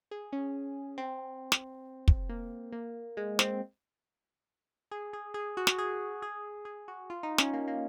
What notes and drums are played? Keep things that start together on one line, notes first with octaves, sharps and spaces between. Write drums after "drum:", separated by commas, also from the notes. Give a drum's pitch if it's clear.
G#4
C#4
C4
drum: snare
drum: kick
A#3
A#3
G#3
C4, drum: snare
G#4
G#4
G#4
F#4
drum: snare
G#4
G#4
G#4
F#4
F4
D#4
C#4, drum: snare
A#3
A#3